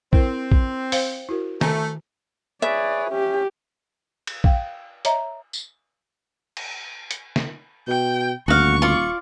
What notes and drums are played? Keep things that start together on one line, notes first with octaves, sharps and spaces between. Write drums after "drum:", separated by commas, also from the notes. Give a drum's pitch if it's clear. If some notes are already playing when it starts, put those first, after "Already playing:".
C4 E4 A#4, drum: kick A#1
drum: kick A#1
C5 F5 G5, drum: open hi-hat
E4 F#4 A#4
D#3 A3 G#5 A#5, drum: snare
G#4 B4 C#5 D5 E5
C#4 G4
drum: cymbal
F5 G5, drum: kick A#1
C#5 D#5 E5 A#5, drum: hi-hat
drum: tambourine
drum: cymbal
drum: hi-hat
drum: snare
B2 G5
D#1 D2 F#4 F5 C#6
F4 D5